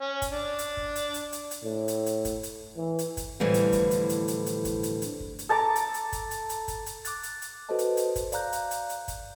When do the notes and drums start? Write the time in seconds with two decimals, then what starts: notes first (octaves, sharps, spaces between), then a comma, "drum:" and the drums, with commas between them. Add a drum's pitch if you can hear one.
0.01 C#4
0.22 drum: kick, hi-hat
0.32 D4
0.59 drum: hi-hat
0.77 drum: kick
0.96 drum: hi-hat
1.14 drum: hi-hat
1.32 drum: hi-hat
1.51 drum: hi-hat
1.63 A2
1.88 drum: hi-hat
2.06 drum: hi-hat
2.25 drum: kick, hi-hat
2.43 drum: hi-hat
2.76 E3
2.99 drum: hi-hat
3.17 drum: kick, hi-hat
3.40 F2 A2 D3 E3 G3
3.54 drum: hi-hat
3.72 drum: kick, hi-hat
3.91 drum: hi-hat
4.09 drum: hi-hat
4.28 drum: hi-hat
4.46 drum: hi-hat
4.65 drum: kick, hi-hat
4.83 drum: hi-hat
5.02 drum: hi-hat
5.20 drum: kick
5.39 drum: hi-hat
5.49 A4 A5 A#5 D6
5.76 drum: hi-hat
5.94 drum: hi-hat
6.12 drum: kick, hi-hat
6.31 drum: hi-hat
6.49 drum: hi-hat
6.68 drum: kick, hi-hat
6.86 drum: hi-hat
7.05 D6 F#6 A6, drum: hi-hat
7.23 drum: hi-hat
7.42 drum: hi-hat
7.69 F#4 A4 B4 C5 D#5 A5
7.79 drum: hi-hat
7.97 drum: hi-hat
8.16 drum: kick, hi-hat
8.32 D5 F5 A#5 F#6 G6, drum: hi-hat
8.52 drum: hi-hat
8.71 drum: hi-hat
8.89 drum: hi-hat
9.08 drum: kick, hi-hat